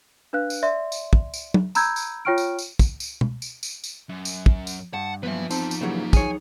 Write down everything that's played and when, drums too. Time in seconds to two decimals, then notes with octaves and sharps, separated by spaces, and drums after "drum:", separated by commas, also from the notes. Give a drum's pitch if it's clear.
0.33 D4 B4 F5 F#6
0.50 drum: tambourine
0.63 D5 E5 C6
0.92 drum: tambourine
1.13 drum: kick
1.34 drum: tambourine
1.54 drum: tom
1.75 A#5 B5 E6 G6 G#6, drum: tambourine
1.96 drum: tambourine
2.25 F4 C#5 G5 C#6 F6 D7
2.38 drum: tambourine
2.59 drum: tambourine
2.79 drum: kick, tambourine
3.00 drum: tambourine
3.21 drum: tom B2
3.42 drum: tambourine
3.63 drum: tambourine
3.84 drum: tambourine
4.10 F#2
4.25 drum: tambourine
4.46 drum: kick
4.67 drum: tambourine
4.94 G2 F#5 A5
5.23 F3 F#3 A#3 B3 B4 E5
5.51 E2 C4 D#4 A4 C5 A5, drum: tambourine
5.71 drum: tambourine
5.81 C#3 E3 F#3 G3 A#3
6.13 E3 F#3 D#4 G#4 C#5 G#5, drum: kick, tambourine